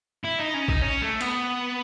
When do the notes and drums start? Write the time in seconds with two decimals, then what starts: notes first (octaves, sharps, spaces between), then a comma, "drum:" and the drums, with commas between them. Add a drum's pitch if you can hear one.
0.24 E4
0.39 D#4
0.54 C#4
0.68 D#4, drum: kick
0.82 C#4
1.02 A3
1.21 B3, drum: hi-hat